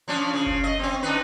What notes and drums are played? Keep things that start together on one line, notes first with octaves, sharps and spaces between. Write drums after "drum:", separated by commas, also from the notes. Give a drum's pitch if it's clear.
F3 C#4 D4
C#3
drum: kick F#1
D#5
C4 C#4
D4 D#4 B4